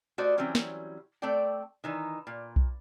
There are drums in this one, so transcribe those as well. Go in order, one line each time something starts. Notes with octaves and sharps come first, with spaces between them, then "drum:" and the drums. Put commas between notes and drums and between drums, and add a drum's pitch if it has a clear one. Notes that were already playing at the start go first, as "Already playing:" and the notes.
A3 F#4 C5 D5 D#5
E3 F#3 G3 C4 C#4
drum: snare
A3 C4 A4 D5 G5
D#3 E3 D#4
A#2
drum: kick B1